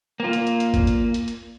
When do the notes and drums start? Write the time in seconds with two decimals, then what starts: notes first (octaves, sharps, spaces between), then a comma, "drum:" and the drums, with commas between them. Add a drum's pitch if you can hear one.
0.20 A#3 F4
0.33 drum: hi-hat
0.47 drum: hi-hat
0.60 drum: hi-hat
0.74 drum: kick G1, hi-hat
0.87 drum: hi-hat
1.14 drum: hi-hat
1.28 drum: hi-hat